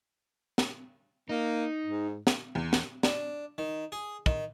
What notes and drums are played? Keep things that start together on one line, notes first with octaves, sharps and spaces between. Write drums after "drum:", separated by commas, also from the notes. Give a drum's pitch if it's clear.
drum: snare
A#3 D#4
G#2
drum: snare
E2
drum: snare
D4, drum: snare
D#3
G#4
D#3, drum: kick